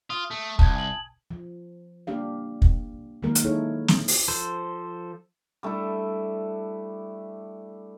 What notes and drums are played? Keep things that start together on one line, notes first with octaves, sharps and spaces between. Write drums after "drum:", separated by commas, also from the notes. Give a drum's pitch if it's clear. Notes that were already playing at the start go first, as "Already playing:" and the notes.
F4 D#6
A3
C2 A5 G#6, drum: kick
G#5 F#7
F3
A#3 D4 G4 F5
drum: kick
D#3 F#3 G#3 A#3 A#4
drum: hi-hat
D#4 E4 G#4 A4 C#5
drum: snare
drum: open hi-hat
F3 A4 C5
G3 A3 D4 E4